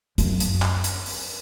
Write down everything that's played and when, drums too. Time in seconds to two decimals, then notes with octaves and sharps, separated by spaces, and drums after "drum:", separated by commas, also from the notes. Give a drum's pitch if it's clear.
0.18 F#2, drum: hi-hat
0.40 drum: hi-hat
0.62 drum: clap
0.84 drum: hi-hat
1.06 drum: open hi-hat